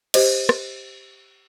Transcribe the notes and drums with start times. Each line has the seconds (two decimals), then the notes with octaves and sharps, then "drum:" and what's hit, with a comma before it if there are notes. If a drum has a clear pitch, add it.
0.14 G4 C5 D#5, drum: cymbal
0.49 drum: rim click